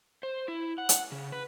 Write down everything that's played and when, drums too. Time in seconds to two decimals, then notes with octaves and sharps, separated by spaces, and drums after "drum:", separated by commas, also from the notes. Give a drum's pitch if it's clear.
0.23 C5
0.48 E4
0.78 F#5
0.89 drum: hi-hat
1.12 C#3
1.32 B4